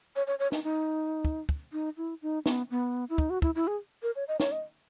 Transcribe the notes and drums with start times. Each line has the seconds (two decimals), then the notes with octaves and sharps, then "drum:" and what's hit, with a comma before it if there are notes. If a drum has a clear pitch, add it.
0.16 C#5
0.27 C#5
0.39 C#5
0.52 D#4, drum: snare
0.64 D#4
1.25 drum: kick
1.49 drum: kick
1.72 D#4
1.97 E4
2.22 D#4
2.46 B3, drum: snare
2.71 B3
3.10 E4
3.18 D#4, drum: kick
3.30 F#4
3.42 E4, drum: kick
3.55 E4
3.67 G#4
4.03 A#4
4.16 C#5
4.28 D#5
4.40 C#5, drum: snare
4.52 D#5